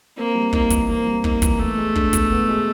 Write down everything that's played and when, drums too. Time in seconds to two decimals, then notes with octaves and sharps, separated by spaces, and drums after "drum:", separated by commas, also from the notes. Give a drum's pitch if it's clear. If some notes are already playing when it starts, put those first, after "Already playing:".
0.17 A#3 C4
0.35 G3
0.53 A#3 D#4, drum: kick
0.70 E3, drum: kick, hi-hat
0.89 A#3 C4
1.06 G3
1.24 A#3 D#4, drum: kick
1.42 E3, drum: kick, hi-hat
1.59 A3 B3
1.77 G#3
1.95 D4, drum: kick
2.13 B2, drum: kick, hi-hat
2.31 B3
2.49 G#3